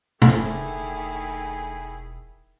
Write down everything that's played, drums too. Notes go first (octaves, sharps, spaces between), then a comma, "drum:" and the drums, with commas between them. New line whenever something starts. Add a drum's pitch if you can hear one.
E1 D3 D#3 A3 E4 G#4, drum: tom